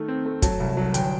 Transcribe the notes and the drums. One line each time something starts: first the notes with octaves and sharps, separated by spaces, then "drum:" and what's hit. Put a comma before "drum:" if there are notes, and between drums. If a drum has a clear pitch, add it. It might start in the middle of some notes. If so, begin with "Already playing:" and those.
Already playing: D#3 A3
C4
A3
F#3 A5, drum: kick, hi-hat
C2
F#3
G1 G5, drum: hi-hat